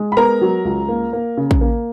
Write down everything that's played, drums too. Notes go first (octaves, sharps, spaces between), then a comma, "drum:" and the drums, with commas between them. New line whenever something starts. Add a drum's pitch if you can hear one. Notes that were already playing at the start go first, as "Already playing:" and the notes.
Already playing: G#3
B5
B3 A#4 A#5
F#3
C#2
A#3
A#3
C#3
drum: kick
A#3